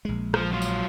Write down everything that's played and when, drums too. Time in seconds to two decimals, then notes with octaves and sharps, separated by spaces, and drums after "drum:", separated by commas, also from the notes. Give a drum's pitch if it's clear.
0.05 A#1 G#3
0.34 F3, drum: rim click
0.52 F#3 F4
0.62 drum: tambourine